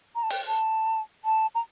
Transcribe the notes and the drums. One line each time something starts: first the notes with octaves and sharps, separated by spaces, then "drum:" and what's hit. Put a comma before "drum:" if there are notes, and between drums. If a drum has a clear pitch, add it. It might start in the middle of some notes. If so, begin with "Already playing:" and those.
A#5
A5
G5, drum: open hi-hat
A5
A5
A#5